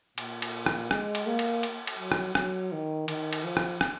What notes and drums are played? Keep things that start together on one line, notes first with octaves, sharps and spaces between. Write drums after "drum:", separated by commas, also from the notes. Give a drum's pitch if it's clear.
A#2, drum: cymbal
drum: cymbal
drum: rim click
G#3, drum: rim click
drum: cymbal
A#3
drum: cymbal
drum: cymbal
drum: cymbal
F#3
drum: rim click
F#3, drum: rim click
D#3
D#3, drum: cymbal
drum: cymbal
F3
drum: rim click
drum: rim click